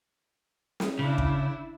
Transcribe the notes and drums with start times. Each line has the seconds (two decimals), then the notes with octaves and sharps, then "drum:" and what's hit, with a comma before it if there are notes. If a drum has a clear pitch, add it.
0.80 drum: snare
0.99 C#3 D4 E4
1.18 drum: kick